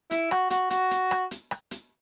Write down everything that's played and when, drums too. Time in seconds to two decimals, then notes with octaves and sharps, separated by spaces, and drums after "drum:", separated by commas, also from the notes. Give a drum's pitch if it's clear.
0.11 E4, drum: hi-hat
0.31 F#4, drum: rim click
0.50 F#4, drum: hi-hat
0.70 F#4, drum: hi-hat
0.91 drum: hi-hat
1.11 drum: rim click
1.31 drum: hi-hat
1.51 drum: rim click
1.71 drum: hi-hat